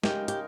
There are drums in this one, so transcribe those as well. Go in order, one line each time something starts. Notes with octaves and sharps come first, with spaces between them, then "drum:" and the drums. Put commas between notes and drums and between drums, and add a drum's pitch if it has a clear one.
C#3 G#3 D#4 G4 A#4, drum: snare
G4, drum: hi-hat